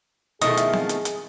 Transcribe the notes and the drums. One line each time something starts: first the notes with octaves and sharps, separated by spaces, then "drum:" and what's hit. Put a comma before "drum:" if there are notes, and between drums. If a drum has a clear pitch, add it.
B2 D#3 F3 A3 E4 G#4 D#5, drum: hi-hat
drum: hi-hat
drum: snare C4
drum: hi-hat
drum: hi-hat